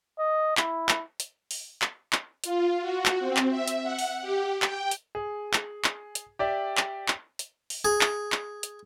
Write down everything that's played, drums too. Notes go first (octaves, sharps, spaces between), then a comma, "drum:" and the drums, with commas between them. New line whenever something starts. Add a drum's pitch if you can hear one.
D#5
E4, drum: clap
drum: clap
drum: hi-hat
drum: open hi-hat
drum: clap
drum: clap
F4, drum: hi-hat
F#4
drum: clap
C4
drum: clap
E5
drum: hi-hat
F#5
drum: open hi-hat
G4
G5, drum: clap
drum: hi-hat
G#4
drum: clap
drum: clap
drum: hi-hat
G4 D5 E5
drum: clap
drum: clap
drum: hi-hat
drum: open hi-hat
G#4
drum: clap
drum: clap
drum: hi-hat